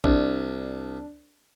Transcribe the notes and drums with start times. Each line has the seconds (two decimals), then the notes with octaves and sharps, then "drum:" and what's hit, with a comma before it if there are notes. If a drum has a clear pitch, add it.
0.04 C2 D4, drum: kick